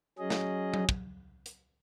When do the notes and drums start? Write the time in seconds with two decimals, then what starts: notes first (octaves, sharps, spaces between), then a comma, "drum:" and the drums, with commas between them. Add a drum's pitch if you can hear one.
0.18 F#3 C#4 G#4 D#5
0.30 drum: snare
0.74 drum: tom F#3
0.89 drum: kick
1.46 drum: hi-hat